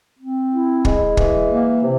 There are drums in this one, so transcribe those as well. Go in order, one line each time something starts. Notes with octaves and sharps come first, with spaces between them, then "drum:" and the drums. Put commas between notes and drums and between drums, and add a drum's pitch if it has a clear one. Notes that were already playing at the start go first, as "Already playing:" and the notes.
C4
E4
G#3, drum: kick
E3, drum: kick
A#3
C3